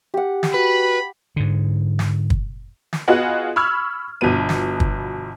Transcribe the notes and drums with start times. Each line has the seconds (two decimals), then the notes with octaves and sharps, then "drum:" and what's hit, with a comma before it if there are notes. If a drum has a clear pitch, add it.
0.14 G4 F#5
0.43 drum: snare
0.54 F#4 B4 B5
1.36 G#2 D3
1.99 drum: snare
2.30 drum: kick
2.93 drum: snare
3.08 B3 F4 F#4 G#4 D#5 F#5
3.56 B5 C#6 E6 F6 G#6
4.21 G1 B2 F3 B3 D#7
4.49 drum: snare
4.80 drum: kick